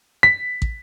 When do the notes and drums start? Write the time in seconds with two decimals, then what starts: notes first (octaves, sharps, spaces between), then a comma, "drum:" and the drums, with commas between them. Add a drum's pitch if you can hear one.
0.23 B6
0.62 drum: kick